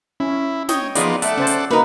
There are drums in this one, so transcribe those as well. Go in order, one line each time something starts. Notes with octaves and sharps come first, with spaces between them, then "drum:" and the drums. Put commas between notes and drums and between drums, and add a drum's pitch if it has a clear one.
C#4 E4
C#5 D#5 G5, drum: snare
F3 B3 D#4 F4 G#4 D5, drum: hi-hat
A3 A4 D5 F#5, drum: hi-hat
C#3 C#4 C5 A5
drum: hi-hat
A#3 D#4 F#4 A#4 B4 D#5